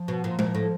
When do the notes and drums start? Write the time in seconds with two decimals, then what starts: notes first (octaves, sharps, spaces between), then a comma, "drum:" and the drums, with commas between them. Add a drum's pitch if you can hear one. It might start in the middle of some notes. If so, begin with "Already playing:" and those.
Already playing: F3
0.08 B2
0.24 A#2
0.39 A#2, drum: tom G#3
0.55 A2